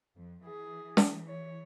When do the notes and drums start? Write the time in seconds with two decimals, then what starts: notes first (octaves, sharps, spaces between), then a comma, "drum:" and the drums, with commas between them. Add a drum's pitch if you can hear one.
0.16 F2
0.45 E3 G#4
0.97 drum: snare
1.27 C#5